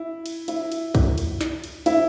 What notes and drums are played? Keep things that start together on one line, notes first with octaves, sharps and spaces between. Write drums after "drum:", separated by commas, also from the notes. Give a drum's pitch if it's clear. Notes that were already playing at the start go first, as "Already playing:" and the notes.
Already playing: E4
drum: cymbal
E4, drum: cymbal
drum: cymbal
drum: kick C2, cymbal
drum: cymbal
drum: snare
drum: cymbal
E4, drum: cymbal